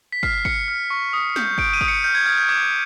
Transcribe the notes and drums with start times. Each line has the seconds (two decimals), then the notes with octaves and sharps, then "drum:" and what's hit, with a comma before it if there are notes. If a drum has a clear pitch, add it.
0.12 B6
0.23 F6 C7, drum: kick
0.45 F6 C#7, drum: kick
0.68 F6
0.90 C#6
1.13 D#6
1.36 G6, drum: snare
1.58 G6 D7, drum: kick
1.73 D#7
1.81 D#6, drum: kick
1.88 C#7
2.04 F6 G6
2.15 G#6
2.26 F6 G#6
2.38 G6
2.49 D6 G#6